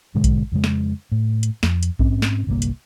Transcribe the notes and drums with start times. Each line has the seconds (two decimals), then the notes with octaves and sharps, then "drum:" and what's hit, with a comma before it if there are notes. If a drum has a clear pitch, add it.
0.15 G#2 B2 D3 G#3
0.24 drum: kick A#1, hi-hat
0.52 F2 C#3 G#3
0.64 drum: snare
1.12 A2
1.43 drum: hi-hat
1.63 F2, drum: snare
1.83 drum: hi-hat
1.99 G#2 C4 C#4, drum: kick A#1
2.22 drum: snare
2.47 G1 C2 A#2 A#3
2.62 drum: hi-hat